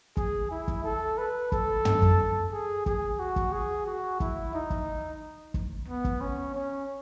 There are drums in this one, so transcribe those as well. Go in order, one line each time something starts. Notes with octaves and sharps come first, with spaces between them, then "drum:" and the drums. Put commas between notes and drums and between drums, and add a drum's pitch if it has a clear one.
G#4, drum: kick
E4
drum: kick
A4
B4
A4, drum: kick
drum: tom
drum: kick
G#4
G#4, drum: kick
F#4
drum: kick
G#4
F#4
E4, drum: kick
D#4
drum: kick
drum: kick
B3
drum: kick
C#4
C#4